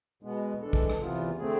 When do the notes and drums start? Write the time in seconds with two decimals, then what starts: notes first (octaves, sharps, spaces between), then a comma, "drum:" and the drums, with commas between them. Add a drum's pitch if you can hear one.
0.23 B2 G#3 B3
0.62 E3 G#3 D4 A4
0.73 drum: kick
0.90 drum: rim click
1.00 E2 C3 E3 B3 F4
1.38 D3 A3 C4 G#4